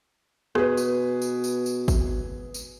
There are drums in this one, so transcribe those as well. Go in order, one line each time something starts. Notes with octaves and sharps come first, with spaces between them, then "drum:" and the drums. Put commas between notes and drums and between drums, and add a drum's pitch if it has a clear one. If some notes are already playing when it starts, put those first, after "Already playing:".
B2 G#4 B4, drum: rim click
drum: tambourine
drum: tambourine
drum: tambourine
drum: tambourine
drum: kick, tambourine
drum: tambourine